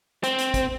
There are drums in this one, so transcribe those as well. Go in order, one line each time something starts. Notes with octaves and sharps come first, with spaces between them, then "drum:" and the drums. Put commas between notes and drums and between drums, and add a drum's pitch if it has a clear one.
C4, drum: hi-hat
drum: hi-hat
drum: kick, hi-hat